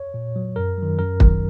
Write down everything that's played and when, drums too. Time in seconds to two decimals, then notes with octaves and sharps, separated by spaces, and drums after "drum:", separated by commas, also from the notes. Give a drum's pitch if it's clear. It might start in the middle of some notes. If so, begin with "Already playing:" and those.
Already playing: C#5
0.14 A#2
0.36 F#3
0.56 F#2 A#4
0.78 D#3 F#3
0.99 F#2 A#4
1.20 F#3, drum: kick
1.25 D#3